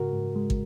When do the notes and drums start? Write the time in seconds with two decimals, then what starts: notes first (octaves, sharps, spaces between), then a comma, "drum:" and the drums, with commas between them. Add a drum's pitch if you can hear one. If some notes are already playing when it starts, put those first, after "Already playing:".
Already playing: G#2 C#3 F#4 A#4
0.13 G#2
0.36 G#3
0.50 drum: kick